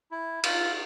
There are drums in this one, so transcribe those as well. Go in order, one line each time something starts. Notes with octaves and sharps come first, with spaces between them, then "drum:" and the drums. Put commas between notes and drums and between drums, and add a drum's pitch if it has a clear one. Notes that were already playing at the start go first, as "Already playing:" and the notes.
E4
F4, drum: cymbal